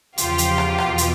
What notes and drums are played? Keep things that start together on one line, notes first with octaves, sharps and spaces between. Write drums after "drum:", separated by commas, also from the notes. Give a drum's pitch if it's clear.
E2 C#3 F3 F4 G4, drum: hi-hat
drum: hi-hat
drum: rim click
E2 B2, drum: rim click
drum: hi-hat